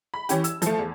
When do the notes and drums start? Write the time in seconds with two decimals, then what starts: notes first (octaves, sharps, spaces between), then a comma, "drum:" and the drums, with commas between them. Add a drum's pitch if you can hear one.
0.14 B5
0.29 E3 C#4 G4, drum: hi-hat
0.44 E6, drum: hi-hat
0.62 F3 A3, drum: hi-hat
0.79 E2